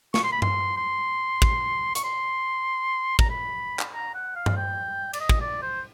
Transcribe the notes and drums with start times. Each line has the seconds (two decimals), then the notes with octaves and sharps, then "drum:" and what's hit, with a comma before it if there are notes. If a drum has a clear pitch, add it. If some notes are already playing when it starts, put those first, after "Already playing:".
0.14 C#6, drum: snare
0.24 C6
0.33 B5
0.42 C6, drum: tom G2
0.77 C6
1.42 drum: kick
1.95 C#6, drum: hi-hat
2.04 C6
3.19 A#5, drum: kick
3.30 B5
3.79 drum: clap
3.94 A#5
4.14 F#5
4.35 F5
4.46 drum: tom G2
4.57 G5
5.13 D5, drum: cymbal
5.20 D#5
5.29 drum: kick
5.41 D5
5.62 C5